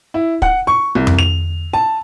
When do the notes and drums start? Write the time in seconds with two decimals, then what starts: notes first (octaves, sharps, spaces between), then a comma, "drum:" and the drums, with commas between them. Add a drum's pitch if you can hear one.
0.14 E4
0.42 F#5, drum: kick
0.67 C#6
0.95 C2
1.07 drum: tom F2
1.19 F7
1.73 A5